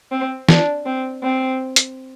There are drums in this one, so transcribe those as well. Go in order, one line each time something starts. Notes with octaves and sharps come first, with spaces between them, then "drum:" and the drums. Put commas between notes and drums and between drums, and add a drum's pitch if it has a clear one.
C4
D4, drum: snare
C4
C4
drum: hi-hat